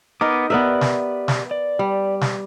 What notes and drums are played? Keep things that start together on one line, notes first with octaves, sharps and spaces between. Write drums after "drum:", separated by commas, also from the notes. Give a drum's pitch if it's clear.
B3 D#4 A#4 D#5 D6
B3 G4 A#4 B4 D5 E5
drum: snare
drum: snare
D5
G3
drum: snare